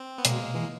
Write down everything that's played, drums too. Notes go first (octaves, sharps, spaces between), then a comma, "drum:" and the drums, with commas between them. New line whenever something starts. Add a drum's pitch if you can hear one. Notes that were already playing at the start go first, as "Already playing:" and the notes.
Already playing: C4
B3
B2 G#3 A#3, drum: hi-hat
E3 G#3